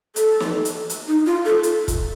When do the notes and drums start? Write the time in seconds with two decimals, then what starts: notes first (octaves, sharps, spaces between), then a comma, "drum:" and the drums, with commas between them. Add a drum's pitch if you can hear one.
0.16 A4, drum: hi-hat
0.40 drum: snare
0.65 drum: hi-hat
0.90 drum: hi-hat
1.08 D#4
1.26 F4
1.45 A4
1.63 drum: hi-hat
1.88 drum: kick, hi-hat